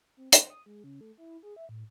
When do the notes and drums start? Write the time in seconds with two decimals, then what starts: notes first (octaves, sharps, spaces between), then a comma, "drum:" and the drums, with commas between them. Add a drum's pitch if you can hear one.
0.17 C4
0.32 C5, drum: hi-hat
0.50 D#6
0.66 G#3
0.84 C#3
1.01 A3
1.18 E4
1.43 G#4
1.56 E5
1.69 A2